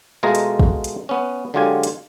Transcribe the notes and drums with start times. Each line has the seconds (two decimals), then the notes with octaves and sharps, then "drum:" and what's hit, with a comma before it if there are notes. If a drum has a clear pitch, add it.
0.23 B2 G#3 A3 F4 G#4 A#5
0.35 drum: hi-hat
0.59 drum: kick
0.84 drum: hi-hat
1.09 B3 C#4
1.54 D3 F#3 G#3 F4 G4 G#5
1.83 drum: hi-hat